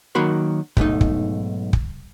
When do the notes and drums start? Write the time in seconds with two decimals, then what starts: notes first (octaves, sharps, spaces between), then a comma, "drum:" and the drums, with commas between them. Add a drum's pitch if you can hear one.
0.15 D#3 F#3 A#3 F#4 B5 C6
0.77 B1 G#2 A3 D#4, drum: kick
1.01 drum: kick
1.73 drum: kick